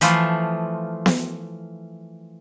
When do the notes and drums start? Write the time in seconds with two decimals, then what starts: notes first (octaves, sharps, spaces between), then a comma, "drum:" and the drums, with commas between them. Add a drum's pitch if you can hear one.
0.01 E3 F3 A3 F4, drum: hi-hat
1.06 drum: snare B3